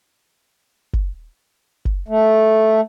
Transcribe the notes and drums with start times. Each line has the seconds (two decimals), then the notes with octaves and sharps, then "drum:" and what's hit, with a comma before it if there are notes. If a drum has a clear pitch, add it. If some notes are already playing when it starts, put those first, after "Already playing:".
0.93 drum: kick F#1
1.85 drum: kick F#1
2.08 A3